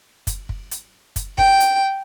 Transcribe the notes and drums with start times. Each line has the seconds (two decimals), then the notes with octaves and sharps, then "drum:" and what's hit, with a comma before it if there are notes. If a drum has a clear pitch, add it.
0.27 drum: kick, hi-hat
0.49 drum: kick
0.71 drum: hi-hat
1.16 drum: kick, hi-hat
1.38 G5, drum: kick
1.60 drum: hi-hat